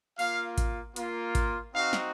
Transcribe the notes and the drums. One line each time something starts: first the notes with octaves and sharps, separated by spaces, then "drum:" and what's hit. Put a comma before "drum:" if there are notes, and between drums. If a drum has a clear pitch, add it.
A#3 F4 F5, drum: open hi-hat
drum: kick G#1, hi-hat
A#3 F4, drum: hi-hat
drum: kick G#1, hi-hat
C4 D#4 F#4 F5
drum: snare